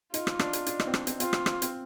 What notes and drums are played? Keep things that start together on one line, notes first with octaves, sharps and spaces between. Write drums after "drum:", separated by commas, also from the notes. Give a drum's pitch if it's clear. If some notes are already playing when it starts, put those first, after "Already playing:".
D#4 F4, drum: hi-hat
drum: rim click
D4, drum: rim click
drum: hi-hat
D4, drum: hi-hat
D#4, drum: rim click
C4
D4, drum: rim click
C4, drum: hi-hat
C4 F4, drum: hi-hat
drum: rim click
drum: rim click
C4, drum: hi-hat